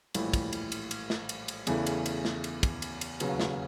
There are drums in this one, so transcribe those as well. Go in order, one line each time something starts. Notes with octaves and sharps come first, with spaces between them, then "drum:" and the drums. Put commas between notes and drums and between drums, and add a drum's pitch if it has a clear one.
A#1 A2 E3 G3, drum: cymbal
drum: kick, cymbal
drum: cymbal
drum: cymbal
drum: cymbal
drum: snare
drum: cymbal
drum: cymbal
E2 C#3 E3 A3, drum: cymbal
drum: cymbal
drum: cymbal
drum: snare
drum: cymbal
drum: kick, cymbal
drum: cymbal
drum: cymbal
E1 D#2 C#3 F#3 B3, drum: cymbal
drum: snare